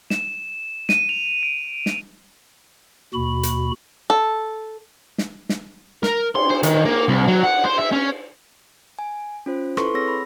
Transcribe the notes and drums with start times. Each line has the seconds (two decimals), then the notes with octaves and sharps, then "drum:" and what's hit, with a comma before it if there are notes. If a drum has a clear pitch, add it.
0.10 E7, drum: snare
0.89 D#7, drum: snare
1.09 F7
1.43 D7
1.86 drum: snare
3.14 D#2 B2 F#4 B5
3.43 drum: hi-hat
4.10 A4
5.18 drum: snare
5.49 drum: snare
6.03 A#4, drum: snare
6.35 C6, drum: cymbal
6.50 C5
6.63 D#3, drum: hi-hat
6.85 A#3
7.08 C2
7.28 F#3
7.43 F#5
7.65 C5
7.79 E5
7.93 C#4
8.99 G#5
9.46 C#4 F4 C5
9.77 E4 A4 B4 C6 C#6, drum: rim click
9.94 C4 G#4 C#5 E6 A#6
10.08 B5